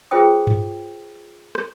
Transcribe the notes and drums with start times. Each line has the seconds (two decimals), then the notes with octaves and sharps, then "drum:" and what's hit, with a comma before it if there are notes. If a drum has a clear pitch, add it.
0.11 F4 G#4 B4 C5 G5 D#6
0.47 drum: tom G2
1.55 drum: rim click